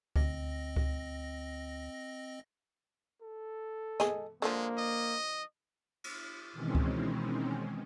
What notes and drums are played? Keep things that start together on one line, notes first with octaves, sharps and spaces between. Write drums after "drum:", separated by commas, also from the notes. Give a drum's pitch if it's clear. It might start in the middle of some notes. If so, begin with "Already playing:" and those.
D2 C4 D#5 A#6, drum: kick C#2
drum: kick C#2
A4
G#4 D#5, drum: snare
D3 F3 G#3 A#3
D#5
drum: cymbal
B2 D#3 E3 G#3 C4 C#4
drum: kick C#2